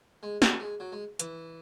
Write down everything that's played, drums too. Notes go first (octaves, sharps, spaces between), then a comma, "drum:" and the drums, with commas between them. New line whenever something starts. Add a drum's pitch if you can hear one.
G#3
F#3, drum: snare
G#3
F#3
G#3
E3, drum: hi-hat